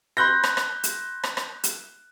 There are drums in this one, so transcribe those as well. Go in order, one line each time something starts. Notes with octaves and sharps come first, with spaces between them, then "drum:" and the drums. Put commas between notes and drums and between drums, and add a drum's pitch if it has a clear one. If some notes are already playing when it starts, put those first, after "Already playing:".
B5 C6 F#6 G6 A#6
drum: rim click
drum: rim click
drum: hi-hat
drum: rim click
drum: rim click
drum: hi-hat